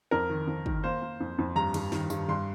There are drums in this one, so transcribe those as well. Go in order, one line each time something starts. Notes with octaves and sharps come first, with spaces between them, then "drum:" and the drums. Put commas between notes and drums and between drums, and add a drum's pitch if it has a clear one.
F2 A#4
D#3
F2
D#3, drum: kick
A#3 C5
A#3
F2
F2
G2 A#5
G2, drum: cymbal
D#3, drum: snare
G2, drum: tambourine
G2 C6